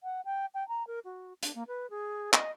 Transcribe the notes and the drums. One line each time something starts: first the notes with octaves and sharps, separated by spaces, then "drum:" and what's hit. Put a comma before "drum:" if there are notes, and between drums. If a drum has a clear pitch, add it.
F#5
G5
G5
A#5
A#4
F#4
D4, drum: hi-hat
A#3
B4
G#4
D#5, drum: clap